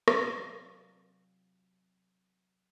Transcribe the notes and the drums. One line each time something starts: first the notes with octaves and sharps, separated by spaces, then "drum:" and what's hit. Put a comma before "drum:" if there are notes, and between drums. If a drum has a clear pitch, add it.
C3 F#3 C4 F4 D5 F5, drum: rim click